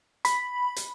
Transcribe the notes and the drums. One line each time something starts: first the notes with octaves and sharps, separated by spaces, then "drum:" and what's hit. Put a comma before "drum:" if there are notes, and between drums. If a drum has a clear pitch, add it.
B5, drum: hi-hat
drum: hi-hat